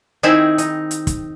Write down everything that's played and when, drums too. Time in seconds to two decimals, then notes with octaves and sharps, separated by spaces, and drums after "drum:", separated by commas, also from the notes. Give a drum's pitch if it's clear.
0.23 D#3 C4 D#4 E4 G#4
0.58 D#4, drum: hi-hat
0.91 drum: hi-hat
1.07 drum: kick, hi-hat